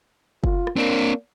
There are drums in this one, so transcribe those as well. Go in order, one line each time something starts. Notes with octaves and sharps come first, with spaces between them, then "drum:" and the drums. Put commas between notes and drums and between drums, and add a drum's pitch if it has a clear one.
F4, drum: kick F#1
drum: rim click
A#3 C4 D4